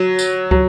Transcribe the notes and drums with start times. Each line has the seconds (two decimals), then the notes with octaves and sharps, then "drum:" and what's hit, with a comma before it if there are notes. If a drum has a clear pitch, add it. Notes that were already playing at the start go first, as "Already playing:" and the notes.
Already playing: F#3
0.19 drum: tambourine
0.51 F#3, drum: kick